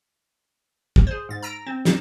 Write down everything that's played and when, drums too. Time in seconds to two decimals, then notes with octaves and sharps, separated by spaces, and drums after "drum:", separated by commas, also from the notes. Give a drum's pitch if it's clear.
0.96 drum: kick
1.07 G#4 C5
1.29 G#2 A6
1.42 A#5 E6 A#6 D7
1.66 C4
1.85 D#4 E7, drum: snare